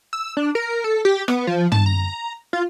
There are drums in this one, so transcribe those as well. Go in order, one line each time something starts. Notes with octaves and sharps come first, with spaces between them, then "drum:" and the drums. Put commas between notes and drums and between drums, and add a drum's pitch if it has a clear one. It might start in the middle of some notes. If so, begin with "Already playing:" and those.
E6
D4
A#4
A4
G4
B3, drum: rim click
F3
A5, drum: tom
A#5
F4